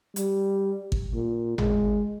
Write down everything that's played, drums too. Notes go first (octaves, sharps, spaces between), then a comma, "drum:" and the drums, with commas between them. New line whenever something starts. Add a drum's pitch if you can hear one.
G3, drum: hi-hat
drum: kick
A#2
G#3, drum: tom G#1